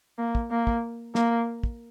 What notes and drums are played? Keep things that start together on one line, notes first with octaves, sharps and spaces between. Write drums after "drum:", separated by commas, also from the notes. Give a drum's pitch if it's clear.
A#3
drum: kick
A#3
drum: kick
A#3, drum: snare
drum: kick